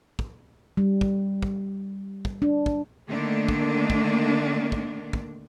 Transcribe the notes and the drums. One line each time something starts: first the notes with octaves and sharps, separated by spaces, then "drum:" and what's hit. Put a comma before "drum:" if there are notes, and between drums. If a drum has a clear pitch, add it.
drum: kick
G3
drum: kick
drum: kick
drum: kick
D4
drum: kick
D3 D#3 A3 A#3 D4
drum: kick
drum: kick
drum: kick
drum: kick